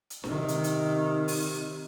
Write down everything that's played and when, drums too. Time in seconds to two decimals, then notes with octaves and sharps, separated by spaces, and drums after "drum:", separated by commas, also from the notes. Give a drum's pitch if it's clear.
0.10 drum: hi-hat
0.24 C3 D#3, drum: snare D4
0.48 drum: hi-hat
0.64 drum: hi-hat
1.28 drum: open hi-hat